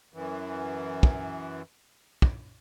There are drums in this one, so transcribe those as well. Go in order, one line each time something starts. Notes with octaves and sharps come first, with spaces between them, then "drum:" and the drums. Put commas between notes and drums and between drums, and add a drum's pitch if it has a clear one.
F#2 E3
drum: kick
drum: kick